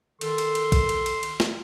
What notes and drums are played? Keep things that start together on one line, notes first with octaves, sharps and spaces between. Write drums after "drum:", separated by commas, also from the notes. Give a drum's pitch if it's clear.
D#3 A4 C6, drum: cymbal
drum: cymbal
drum: cymbal
drum: kick, cymbal
drum: cymbal
drum: cymbal
drum: cymbal
drum: snare